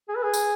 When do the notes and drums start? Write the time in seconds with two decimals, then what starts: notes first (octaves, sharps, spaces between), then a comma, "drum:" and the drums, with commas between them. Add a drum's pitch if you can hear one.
0.09 G#4
0.15 B4
0.23 G#4
0.33 drum: tambourine